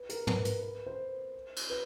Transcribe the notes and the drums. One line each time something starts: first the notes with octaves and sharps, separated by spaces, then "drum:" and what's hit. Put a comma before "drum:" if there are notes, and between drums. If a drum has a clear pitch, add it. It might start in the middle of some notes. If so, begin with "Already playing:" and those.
Already playing: B4
A#4, drum: hi-hat
B4, drum: tom
B4, drum: hi-hat
B4
C5
drum: cymbal
B4